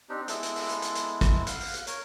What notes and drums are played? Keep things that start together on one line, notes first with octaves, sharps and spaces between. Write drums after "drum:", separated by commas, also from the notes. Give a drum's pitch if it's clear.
C4 D4 D#4 G4
G#3 B3 E4 A4, drum: hi-hat
drum: hi-hat
drum: open hi-hat
drum: hi-hat
drum: hi-hat
drum: hi-hat
drum: kick, hi-hat
F5 F#5, drum: hi-hat
drum: open hi-hat
drum: hi-hat
A#4 C#5, drum: hi-hat